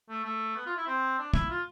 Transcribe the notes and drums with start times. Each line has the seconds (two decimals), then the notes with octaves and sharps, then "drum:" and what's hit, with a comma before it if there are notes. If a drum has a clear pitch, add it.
0.09 A3
0.24 A3
0.56 B3
0.66 F4
0.77 E4
0.87 C4
1.19 D4
1.34 E4, drum: kick
1.50 F4